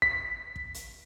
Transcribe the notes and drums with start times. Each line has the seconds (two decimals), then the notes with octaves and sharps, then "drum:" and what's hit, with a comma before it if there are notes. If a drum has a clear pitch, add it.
0.02 B6, drum: kick
0.56 drum: kick
0.74 drum: hi-hat